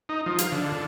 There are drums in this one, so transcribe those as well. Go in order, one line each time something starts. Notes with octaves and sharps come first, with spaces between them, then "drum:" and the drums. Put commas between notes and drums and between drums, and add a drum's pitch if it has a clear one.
D#4
F3
F5, drum: hi-hat
D3
D3